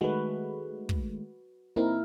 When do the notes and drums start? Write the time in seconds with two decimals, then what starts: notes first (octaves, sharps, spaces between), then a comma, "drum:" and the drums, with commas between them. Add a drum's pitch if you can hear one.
0.01 D#3 G#3 A3 F#4 B4
0.89 drum: kick
1.76 A#3 C4 D#4 E4 A#4